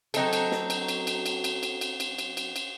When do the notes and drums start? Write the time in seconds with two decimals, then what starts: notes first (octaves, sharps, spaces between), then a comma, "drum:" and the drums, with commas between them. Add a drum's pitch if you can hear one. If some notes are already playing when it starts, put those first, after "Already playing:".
0.14 F#3 C4 D#4 A4, drum: cymbal
0.33 drum: cymbal
0.51 drum: snare
0.70 drum: cymbal
0.88 drum: cymbal
1.07 drum: cymbal
1.26 drum: cymbal
1.44 drum: cymbal
1.63 drum: cymbal
1.81 drum: cymbal
2.00 drum: cymbal
2.18 drum: cymbal
2.37 drum: cymbal
2.56 drum: cymbal